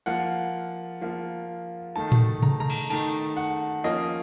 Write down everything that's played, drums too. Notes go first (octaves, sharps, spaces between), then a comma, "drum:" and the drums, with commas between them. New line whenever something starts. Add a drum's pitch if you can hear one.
F3 A#3 F4 F#5
F3 A#3 F4
D#3 A3 D#4 A5
drum: tom A2
A#5, drum: tom C3
A#5
drum: cymbal
D#3 A3 D#4 A5, drum: cymbal
F#5
F3 A#3 C#4 F4 D#5